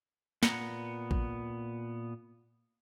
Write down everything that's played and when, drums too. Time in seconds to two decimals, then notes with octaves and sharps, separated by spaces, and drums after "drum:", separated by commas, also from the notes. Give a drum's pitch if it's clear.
0.43 A#2 B3 F#5 A#5, drum: snare
1.11 drum: kick A#1